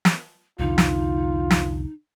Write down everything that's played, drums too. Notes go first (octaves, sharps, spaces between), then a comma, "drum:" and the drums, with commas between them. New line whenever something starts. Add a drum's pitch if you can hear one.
drum: snare
C2 F2 D3 D#4 F4
drum: snare
drum: snare